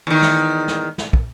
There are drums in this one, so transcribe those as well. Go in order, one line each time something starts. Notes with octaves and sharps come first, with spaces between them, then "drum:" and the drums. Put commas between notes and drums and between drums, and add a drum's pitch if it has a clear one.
E2 D#3
drum: snare
drum: snare
drum: snare
drum: kick